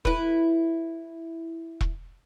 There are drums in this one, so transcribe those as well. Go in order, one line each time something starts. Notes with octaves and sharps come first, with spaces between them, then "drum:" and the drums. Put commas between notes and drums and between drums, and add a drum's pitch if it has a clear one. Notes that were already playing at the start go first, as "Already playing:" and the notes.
E4 B4, drum: kick E1
drum: kick E1